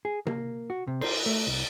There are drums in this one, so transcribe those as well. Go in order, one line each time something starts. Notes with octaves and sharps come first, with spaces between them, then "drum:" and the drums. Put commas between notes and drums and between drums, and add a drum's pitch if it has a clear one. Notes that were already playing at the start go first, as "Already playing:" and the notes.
G#4
A#3, drum: tom C3
F#4
C3
C5, drum: cymbal
A3
C2